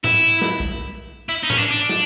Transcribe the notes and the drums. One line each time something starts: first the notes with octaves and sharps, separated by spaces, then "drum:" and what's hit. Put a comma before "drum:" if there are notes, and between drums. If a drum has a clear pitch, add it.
E4, drum: tom G#2
drum: snare
drum: kick B1
E4
D#4
C#4, drum: tom G#2
D4
D4
drum: snare